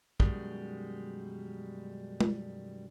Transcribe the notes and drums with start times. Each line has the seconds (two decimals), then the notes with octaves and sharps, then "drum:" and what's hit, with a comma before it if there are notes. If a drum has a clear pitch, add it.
0.20 F#2 B2 D#3 G3 G#3, drum: kick
2.21 drum: tom